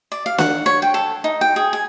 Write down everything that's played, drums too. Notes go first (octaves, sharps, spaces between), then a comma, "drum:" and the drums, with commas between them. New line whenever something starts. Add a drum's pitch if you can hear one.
D5
F5
F#5, drum: snare
C#5
G5
A4
D#4
G5
G#4
G#5